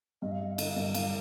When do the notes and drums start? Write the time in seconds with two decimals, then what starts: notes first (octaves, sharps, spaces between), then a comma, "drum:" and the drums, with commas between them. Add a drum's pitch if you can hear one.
0.22 G2 D#5
0.32 F5
0.40 G3 D#5
0.52 F5
0.58 D3 D#5, drum: cymbal
0.70 F5
0.76 G2
0.81 D#5
0.94 G2 F5, drum: cymbal